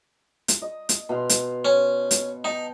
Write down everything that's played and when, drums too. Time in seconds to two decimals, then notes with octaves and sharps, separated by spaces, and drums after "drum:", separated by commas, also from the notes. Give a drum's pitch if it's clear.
0.48 drum: hi-hat
0.62 D#5
0.89 drum: hi-hat
1.09 B2 F5 C6
1.29 drum: hi-hat
1.65 C#4
2.11 drum: hi-hat
2.44 D#4 G5 A5